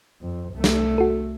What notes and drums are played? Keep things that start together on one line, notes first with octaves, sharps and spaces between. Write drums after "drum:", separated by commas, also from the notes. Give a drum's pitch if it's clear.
F2
C2 A3
drum: snare
F#4 A4